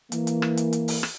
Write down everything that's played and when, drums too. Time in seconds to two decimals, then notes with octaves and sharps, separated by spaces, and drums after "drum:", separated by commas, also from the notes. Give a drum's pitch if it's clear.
0.12 E3 A#3, drum: hi-hat
0.27 drum: hi-hat
0.42 drum: rim click
0.57 drum: hi-hat
0.73 drum: hi-hat
0.88 drum: open hi-hat
1.03 drum: rim click